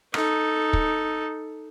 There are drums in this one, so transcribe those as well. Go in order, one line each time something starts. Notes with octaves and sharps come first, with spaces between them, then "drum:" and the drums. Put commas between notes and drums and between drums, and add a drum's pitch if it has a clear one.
D#4 A4, drum: rim click
drum: kick